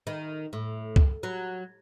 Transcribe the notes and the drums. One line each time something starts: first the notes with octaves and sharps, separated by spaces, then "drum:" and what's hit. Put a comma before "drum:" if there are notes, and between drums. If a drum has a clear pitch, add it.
D#3
A2
drum: kick C#2
F#3